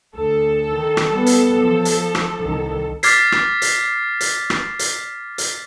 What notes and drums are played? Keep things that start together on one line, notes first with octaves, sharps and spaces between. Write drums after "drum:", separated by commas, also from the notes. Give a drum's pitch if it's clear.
D2 A4
D#3
drum: rim click
G3 B3
drum: hi-hat
F3
drum: hi-hat
drum: rim click
C2 D#3
D6 F6 G#6 A6 B6 C7, drum: hi-hat
drum: rim click
drum: hi-hat
drum: hi-hat
drum: rim click
drum: hi-hat
drum: hi-hat